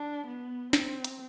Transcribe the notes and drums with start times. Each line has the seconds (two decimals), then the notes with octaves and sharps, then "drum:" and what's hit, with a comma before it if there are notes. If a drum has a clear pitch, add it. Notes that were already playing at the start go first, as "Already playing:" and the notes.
Already playing: D4
0.27 B3
0.73 C4, drum: snare
1.04 drum: hi-hat